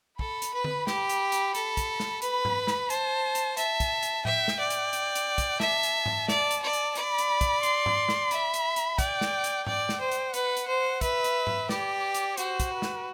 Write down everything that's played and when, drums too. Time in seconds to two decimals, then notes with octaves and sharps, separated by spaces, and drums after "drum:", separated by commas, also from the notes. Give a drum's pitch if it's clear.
0.19 A4 B5, drum: kick
0.42 drum: hi-hat
0.53 B4
0.64 drum: tom D3
0.87 G4, drum: snare
1.10 drum: hi-hat
1.32 drum: hi-hat
1.55 A4, drum: hi-hat
1.77 drum: kick, hi-hat
2.00 drum: snare
2.22 B4 B5, drum: hi-hat
2.45 drum: tom G#2
2.67 drum: snare
2.90 C5 A5, drum: hi-hat
3.35 drum: hi-hat
3.57 E5 A5, drum: hi-hat
3.80 drum: kick, hi-hat
4.03 drum: hi-hat
4.25 E5 G5, drum: tom A2
4.48 drum: snare
4.59 D5
4.70 drum: hi-hat
4.93 drum: hi-hat
5.15 drum: hi-hat
5.38 drum: kick, hi-hat
5.60 E5 A5, drum: snare
5.83 drum: hi-hat
6.06 drum: tom G#2
6.28 D5, drum: snare
6.51 drum: hi-hat
6.62 D5
6.73 drum: hi-hat
6.95 D5 B5, drum: hi-hat
7.18 drum: hi-hat
7.41 drum: kick, hi-hat
7.63 C6, drum: hi-hat
7.86 drum: tom G#2
8.09 drum: snare
8.31 E5 B5, drum: hi-hat
8.54 drum: hi-hat
8.76 drum: hi-hat
8.98 D5 G5, drum: kick, hi-hat
9.21 drum: snare
9.44 drum: hi-hat
9.67 D5 G5, drum: tom G#2
9.89 drum: snare
10.00 C5
10.12 drum: hi-hat
10.34 B4 F#5, drum: hi-hat
10.57 drum: hi-hat
10.67 C5
11.01 B4 E5, drum: kick, hi-hat
11.24 drum: hi-hat
11.47 drum: tom G#2
11.69 G4 D5, drum: snare
12.15 drum: hi-hat
12.37 F#4 C5, drum: hi-hat
12.60 drum: kick, hi-hat
12.71 B4
12.82 drum: snare